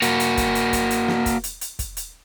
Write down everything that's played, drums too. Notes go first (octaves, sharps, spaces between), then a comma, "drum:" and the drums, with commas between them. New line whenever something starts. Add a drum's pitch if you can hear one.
A#3 F#4, drum: hi-hat
drum: hi-hat
drum: kick, hi-hat
drum: hi-hat
drum: kick, hi-hat
drum: hi-hat
drum: snare
drum: kick, hi-hat
drum: hi-hat
drum: hi-hat
drum: kick, hi-hat
drum: hi-hat